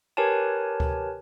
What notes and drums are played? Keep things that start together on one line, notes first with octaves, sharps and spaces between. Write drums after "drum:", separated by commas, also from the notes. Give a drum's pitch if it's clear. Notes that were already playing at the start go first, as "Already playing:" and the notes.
G4 A#4 B4 C#5 G#5 A5
drum: kick D2